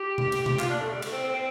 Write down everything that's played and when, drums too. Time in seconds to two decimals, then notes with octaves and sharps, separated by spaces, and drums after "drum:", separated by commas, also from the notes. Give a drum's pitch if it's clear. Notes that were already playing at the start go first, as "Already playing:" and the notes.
Already playing: G4
0.18 drum: tom B2
0.32 drum: cymbal
0.46 drum: tom B2
0.60 F4, drum: clap
0.70 D4
0.81 A3
0.92 G3
1.02 A3, drum: cymbal
1.12 C4
1.24 C4
1.34 C4